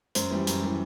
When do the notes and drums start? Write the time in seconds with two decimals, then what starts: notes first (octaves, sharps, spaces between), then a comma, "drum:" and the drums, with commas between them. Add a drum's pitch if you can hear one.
0.15 F#2 C5, drum: hi-hat
0.31 E3 G3
0.47 F#2, drum: hi-hat
0.62 E3 G3